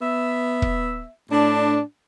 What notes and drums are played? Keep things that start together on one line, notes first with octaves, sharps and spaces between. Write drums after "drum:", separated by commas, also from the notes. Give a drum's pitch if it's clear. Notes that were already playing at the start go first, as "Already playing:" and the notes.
B3 E5
drum: kick
A2 D4